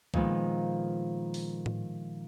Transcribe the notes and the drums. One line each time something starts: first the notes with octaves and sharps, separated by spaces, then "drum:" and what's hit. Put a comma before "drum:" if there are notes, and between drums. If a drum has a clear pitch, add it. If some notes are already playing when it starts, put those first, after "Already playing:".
A#2 D#3 F3 G#3 B3, drum: kick C2
drum: open hi-hat
drum: tom A2